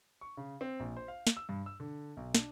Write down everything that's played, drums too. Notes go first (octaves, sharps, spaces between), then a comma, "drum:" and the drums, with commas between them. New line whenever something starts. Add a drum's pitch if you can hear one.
C#6
C#3
C4
A#1
C5
F5
drum: snare
E6
G2
E6
D3
B1
D4, drum: snare